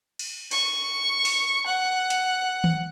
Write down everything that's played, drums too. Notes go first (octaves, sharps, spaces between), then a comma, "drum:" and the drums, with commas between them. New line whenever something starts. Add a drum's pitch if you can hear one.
drum: cymbal
C#6, drum: cymbal
drum: open hi-hat
F#5
drum: hi-hat
drum: tom D#3